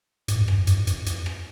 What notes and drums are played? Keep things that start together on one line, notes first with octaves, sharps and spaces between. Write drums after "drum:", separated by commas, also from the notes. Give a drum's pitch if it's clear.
G#2, drum: hi-hat
F2
G2, drum: rim click
F2
G2, drum: hi-hat
F2, drum: hi-hat
drum: hi-hat
drum: rim click